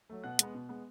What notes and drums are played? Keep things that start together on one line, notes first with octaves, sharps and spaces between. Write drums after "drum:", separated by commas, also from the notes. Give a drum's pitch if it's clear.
F#3 A3
B2 F#5 F#6
G#3 B3, drum: hi-hat
B2
G#3 B3